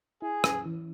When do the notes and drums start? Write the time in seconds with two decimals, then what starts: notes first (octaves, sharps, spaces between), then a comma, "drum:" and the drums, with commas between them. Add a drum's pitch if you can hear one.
0.22 E4 G#4
0.44 C#4, drum: rim click
0.66 E3